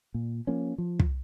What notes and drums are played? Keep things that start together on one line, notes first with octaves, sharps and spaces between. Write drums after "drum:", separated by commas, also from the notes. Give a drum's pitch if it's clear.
A#2
F3 A#3 C#4
F3
drum: kick